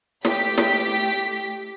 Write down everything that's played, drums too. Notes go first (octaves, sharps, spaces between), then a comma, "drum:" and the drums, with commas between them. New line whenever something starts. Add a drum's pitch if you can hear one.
A3 G4 B6, drum: snare
drum: snare